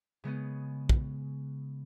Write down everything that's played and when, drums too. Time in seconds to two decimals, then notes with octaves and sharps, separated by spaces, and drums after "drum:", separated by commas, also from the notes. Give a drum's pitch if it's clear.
0.24 C#3 G#3 B3 C#4
0.89 drum: kick